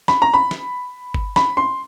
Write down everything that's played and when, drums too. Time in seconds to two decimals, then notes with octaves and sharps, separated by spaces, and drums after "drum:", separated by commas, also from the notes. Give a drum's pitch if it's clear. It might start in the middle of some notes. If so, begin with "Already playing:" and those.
0.08 B5, drum: snare
0.22 A#5
0.34 B5
0.51 drum: snare
1.14 drum: kick G1
1.36 B5, drum: snare
1.57 C6